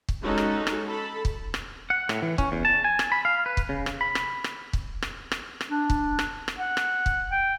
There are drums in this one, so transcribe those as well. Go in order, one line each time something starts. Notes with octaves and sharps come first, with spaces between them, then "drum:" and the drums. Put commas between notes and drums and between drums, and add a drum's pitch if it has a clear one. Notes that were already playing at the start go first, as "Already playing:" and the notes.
drum: kick
G#3 C#4 D#4 F#4 A4
drum: rim click
drum: rim click
A4 A5 B5
drum: kick
drum: rim click
F#5
A2, drum: rim click
E3
C#4, drum: kick
E2
A5
G#5
drum: rim click
B5
F5
B4
drum: kick
C#3
drum: rim click
B5
drum: rim click
drum: rim click
drum: kick
drum: rim click
drum: rim click
drum: rim click
D4
drum: kick
drum: rim click
drum: rim click
F#5
drum: rim click
drum: kick
G5